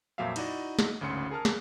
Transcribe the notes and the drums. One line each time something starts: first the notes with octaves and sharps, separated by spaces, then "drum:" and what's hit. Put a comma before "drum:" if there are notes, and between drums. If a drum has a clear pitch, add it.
F2 A#2 F#3 F4 E5 F5
D#4 E4 F#4 D5 D#5, drum: cymbal
drum: snare
G#1 D2 C#3 C6 C#7
G#4 A#4 A5 F6
drum: snare